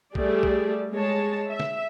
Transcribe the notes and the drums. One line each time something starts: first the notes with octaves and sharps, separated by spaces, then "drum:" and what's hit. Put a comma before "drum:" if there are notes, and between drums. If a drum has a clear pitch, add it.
G3 A3 G#4 A4 D5, drum: kick B1
drum: kick B1
G#3 C#5 A5
E5
drum: snare